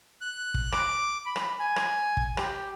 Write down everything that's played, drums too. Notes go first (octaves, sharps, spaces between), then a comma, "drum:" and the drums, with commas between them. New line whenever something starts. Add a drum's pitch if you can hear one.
F#6
drum: kick
D6, drum: rim click
B5
drum: rim click
G#5
drum: rim click
drum: kick
G4, drum: rim click